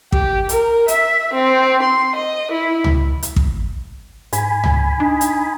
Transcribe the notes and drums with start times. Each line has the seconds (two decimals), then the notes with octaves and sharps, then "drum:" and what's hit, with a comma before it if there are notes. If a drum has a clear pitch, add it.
0.12 G4, drum: kick
0.49 A#4, drum: hi-hat
0.88 E5, drum: hi-hat
1.33 C4
1.82 C6
2.16 D#5
2.51 E4
2.84 drum: tom C#2
3.23 drum: hi-hat
3.36 drum: kick
4.33 G#2 G#5 B5, drum: hi-hat
4.64 drum: tom C#2
5.00 D4 D#4
5.21 drum: hi-hat